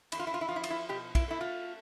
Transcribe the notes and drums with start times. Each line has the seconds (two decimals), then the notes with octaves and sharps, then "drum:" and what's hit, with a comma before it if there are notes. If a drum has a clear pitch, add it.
0.12 E2 E4, drum: cymbal
0.20 F4
0.27 E4
0.34 F4
0.41 E4
0.49 F3 F4
0.56 E4
0.64 F4, drum: cymbal
0.70 E4
0.89 B2 G4
1.15 E4, drum: kick, cymbal
1.28 A3 E4
1.41 F4